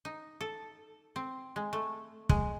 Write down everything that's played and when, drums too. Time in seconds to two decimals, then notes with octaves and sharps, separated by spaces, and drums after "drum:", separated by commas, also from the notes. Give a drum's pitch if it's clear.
0.05 D#4
0.41 A4
1.16 C4
1.56 G#3
1.73 A3
2.29 G#3, drum: kick